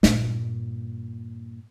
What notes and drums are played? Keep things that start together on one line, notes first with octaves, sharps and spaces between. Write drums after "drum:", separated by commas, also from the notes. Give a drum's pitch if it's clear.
G2 A#2, drum: snare